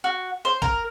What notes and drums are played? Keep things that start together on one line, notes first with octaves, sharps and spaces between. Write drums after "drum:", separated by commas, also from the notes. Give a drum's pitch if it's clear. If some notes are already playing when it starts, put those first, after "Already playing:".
F#4
C5
A#4, drum: kick